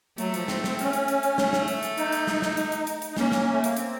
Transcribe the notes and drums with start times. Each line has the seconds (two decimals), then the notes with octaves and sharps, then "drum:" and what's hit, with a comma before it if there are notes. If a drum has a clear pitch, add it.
0.18 F#3 A3, drum: hi-hat
0.34 F3, drum: hi-hat
0.48 C4, drum: snare
0.64 C4, drum: snare
0.79 C#4, drum: hi-hat
0.93 drum: hi-hat
1.08 drum: hi-hat
1.23 drum: hi-hat
1.38 A3, drum: snare
1.53 drum: snare
1.68 drum: hi-hat
1.83 drum: hi-hat
1.98 D#4, drum: hi-hat
2.12 drum: hi-hat
2.27 drum: snare
2.42 drum: snare
2.57 drum: hi-hat
2.72 drum: hi-hat
2.87 drum: hi-hat
3.02 drum: hi-hat
3.12 D#4
3.17 A#3 C#4, drum: snare
3.32 drum: snare
3.51 A3
3.64 A#3, drum: hi-hat
3.76 C4, drum: hi-hat